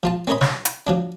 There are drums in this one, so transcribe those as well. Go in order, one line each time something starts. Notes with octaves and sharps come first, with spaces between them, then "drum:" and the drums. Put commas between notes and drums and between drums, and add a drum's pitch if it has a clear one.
F3 F4 A5
C4 C#4 A#4 C#5 D#5 B5
C#5, drum: snare
drum: hi-hat
F3 F#3 D4